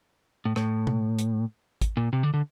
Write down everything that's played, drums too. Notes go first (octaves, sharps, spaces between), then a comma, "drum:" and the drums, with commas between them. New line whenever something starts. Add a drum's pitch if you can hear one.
A2
A2, drum: rim click
drum: tom
drum: hi-hat
drum: kick G#1, hi-hat
A#2
C3
D3
D3